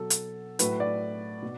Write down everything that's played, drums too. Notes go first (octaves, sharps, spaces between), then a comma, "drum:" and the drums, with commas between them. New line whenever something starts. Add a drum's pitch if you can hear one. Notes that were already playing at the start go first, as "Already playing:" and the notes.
Already playing: B2 F#3 A4
drum: hi-hat
A2 F#3 B4, drum: hi-hat
D5
B2